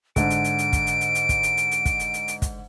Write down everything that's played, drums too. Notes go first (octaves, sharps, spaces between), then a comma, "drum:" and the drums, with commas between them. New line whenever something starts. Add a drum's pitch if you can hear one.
G#2 D3 D7, drum: kick, hi-hat
drum: hi-hat
drum: hi-hat
drum: hi-hat
drum: kick, hi-hat
drum: hi-hat
drum: hi-hat
drum: hi-hat
drum: kick, hi-hat
drum: hi-hat
drum: hi-hat
drum: hi-hat
drum: kick, hi-hat
drum: hi-hat
drum: hi-hat
drum: hi-hat
drum: kick, hi-hat